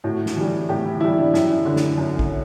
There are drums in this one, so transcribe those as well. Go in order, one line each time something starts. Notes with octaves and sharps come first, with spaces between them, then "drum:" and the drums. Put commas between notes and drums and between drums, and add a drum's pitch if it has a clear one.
A2 F#4
drum: snare
E3 G3
A2 G4
E4
E3 G3 E4
D4
F#2 E4, drum: snare
D3 A3
drum: snare
F#2
drum: kick G#1